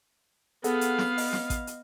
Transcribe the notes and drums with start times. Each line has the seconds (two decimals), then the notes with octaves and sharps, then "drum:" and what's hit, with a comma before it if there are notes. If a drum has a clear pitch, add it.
0.64 B3 G#4 A4 F5 F#5, drum: hi-hat
0.81 drum: hi-hat
0.98 drum: snare
1.18 D#5, drum: open hi-hat
1.33 drum: snare
1.50 drum: kick A1, hi-hat
1.67 drum: hi-hat